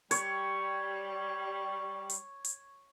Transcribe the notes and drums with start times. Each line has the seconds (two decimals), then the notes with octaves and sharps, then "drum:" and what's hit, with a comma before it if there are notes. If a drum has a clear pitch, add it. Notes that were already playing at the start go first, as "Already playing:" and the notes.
0.11 G3 C#5, drum: hi-hat
2.10 drum: hi-hat
2.44 drum: hi-hat